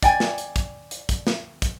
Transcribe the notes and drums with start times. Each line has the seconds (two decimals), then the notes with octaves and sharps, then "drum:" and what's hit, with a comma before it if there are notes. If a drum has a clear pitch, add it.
0.03 D5 G5 G#5, drum: kick, hi-hat
0.20 drum: snare
0.38 drum: hi-hat
0.56 drum: kick, hi-hat
0.91 drum: hi-hat
1.09 drum: kick, hi-hat
1.27 drum: snare
1.62 drum: kick, hi-hat